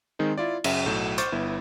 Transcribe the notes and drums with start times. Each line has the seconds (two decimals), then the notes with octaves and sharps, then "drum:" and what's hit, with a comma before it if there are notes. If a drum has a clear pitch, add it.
0.19 D#3 G#3 C4 D#4
0.38 E4 F4 D5
0.64 F#2 C#3 E5, drum: cymbal
0.86 B1 A2 F#4 A4 G6
1.18 C5 C#6 D6 F6 G6 A6, drum: hi-hat
1.32 G1 B3 E4